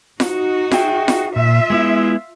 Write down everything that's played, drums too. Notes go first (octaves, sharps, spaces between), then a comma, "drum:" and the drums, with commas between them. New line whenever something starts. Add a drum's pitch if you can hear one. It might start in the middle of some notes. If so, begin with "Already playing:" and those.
D#4 F#4, drum: snare F4
G#4 E5 G5, drum: snare F4
drum: snare F4
A#2 F4 E5
G#3 B3 E4